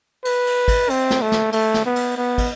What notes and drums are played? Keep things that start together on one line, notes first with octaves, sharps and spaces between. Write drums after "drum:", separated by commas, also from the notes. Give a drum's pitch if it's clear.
B4, drum: cymbal
drum: cymbal
drum: kick, cymbal
C4, drum: cymbal
drum: snare
A3
drum: snare
A3, drum: cymbal
drum: snare
B3
drum: cymbal
B3
drum: kick, cymbal